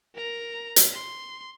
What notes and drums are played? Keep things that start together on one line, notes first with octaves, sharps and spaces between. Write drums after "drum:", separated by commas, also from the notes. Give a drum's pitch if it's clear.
A#4 A#5
drum: hi-hat
C6